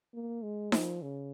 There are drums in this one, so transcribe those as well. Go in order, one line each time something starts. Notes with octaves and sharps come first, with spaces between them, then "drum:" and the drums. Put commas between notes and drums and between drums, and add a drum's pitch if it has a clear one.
A#3
G#3
F3, drum: snare D#4
C#3